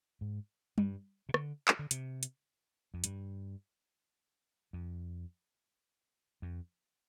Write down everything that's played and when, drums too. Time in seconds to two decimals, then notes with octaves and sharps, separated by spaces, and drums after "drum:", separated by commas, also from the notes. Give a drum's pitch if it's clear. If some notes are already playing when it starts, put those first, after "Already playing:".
0.21 G#2
0.78 G2, drum: tom G3
1.29 C3
1.34 D3, drum: rim click
1.68 drum: clap
1.79 D3
1.91 C3, drum: hi-hat
2.23 drum: hi-hat
2.94 F2
3.04 G2, drum: hi-hat
4.73 F2
6.42 F2